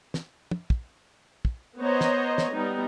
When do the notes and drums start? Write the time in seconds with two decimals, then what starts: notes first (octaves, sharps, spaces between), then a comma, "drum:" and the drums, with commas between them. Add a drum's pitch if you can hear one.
0.14 drum: snare
0.51 drum: tom
0.70 drum: kick
1.45 drum: kick
1.82 B3 C5 C#5 D#5 A#5
2.01 drum: snare
2.38 drum: snare
2.53 G3 B3 D#4